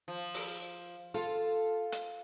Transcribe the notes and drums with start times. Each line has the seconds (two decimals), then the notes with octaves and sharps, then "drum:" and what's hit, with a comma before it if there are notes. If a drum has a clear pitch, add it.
0.08 F3
0.34 drum: open hi-hat
1.14 F4 A4
1.92 drum: hi-hat